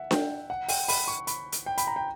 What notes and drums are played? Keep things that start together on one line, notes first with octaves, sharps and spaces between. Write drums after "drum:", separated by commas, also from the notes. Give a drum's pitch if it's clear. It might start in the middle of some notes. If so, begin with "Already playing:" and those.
Already playing: E5 F#5
G5, drum: snare D4
F#5
G5, drum: open hi-hat
B5, drum: open hi-hat
C#6
B5, drum: hi-hat
drum: hi-hat
G5
B5, drum: hi-hat
A#5
G5